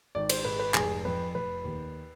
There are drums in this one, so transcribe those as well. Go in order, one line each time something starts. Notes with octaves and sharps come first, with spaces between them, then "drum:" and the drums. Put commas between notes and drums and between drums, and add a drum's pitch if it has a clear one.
G#1 D5
C5, drum: cymbal
G#2 B4
B4
F1 G#4, drum: clap
F2 B4
F1 B4
D#2